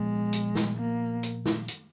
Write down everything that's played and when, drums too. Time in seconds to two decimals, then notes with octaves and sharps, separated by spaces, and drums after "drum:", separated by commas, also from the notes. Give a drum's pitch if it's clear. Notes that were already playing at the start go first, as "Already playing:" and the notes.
Already playing: A#2 F3 G#3 B3
0.33 drum: hi-hat
0.55 drum: snare
0.78 A#3
1.23 drum: hi-hat
1.46 drum: snare
1.68 drum: hi-hat